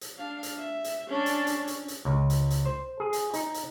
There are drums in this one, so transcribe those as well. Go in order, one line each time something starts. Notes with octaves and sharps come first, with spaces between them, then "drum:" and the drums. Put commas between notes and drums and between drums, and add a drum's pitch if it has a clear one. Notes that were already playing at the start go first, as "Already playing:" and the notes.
drum: hi-hat
D4 F5
drum: hi-hat
E5
drum: hi-hat
C#4 D4
drum: hi-hat
drum: hi-hat
drum: hi-hat
drum: hi-hat
C#2
drum: hi-hat
drum: hi-hat
C5
G#4
drum: hi-hat
D#4, drum: hi-hat
drum: hi-hat